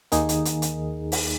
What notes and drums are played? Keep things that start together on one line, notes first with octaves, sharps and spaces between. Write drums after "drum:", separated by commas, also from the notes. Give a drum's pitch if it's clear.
D#2 D#3 A#3 D#4 G#4, drum: hi-hat
drum: hi-hat
drum: hi-hat
drum: hi-hat
drum: open hi-hat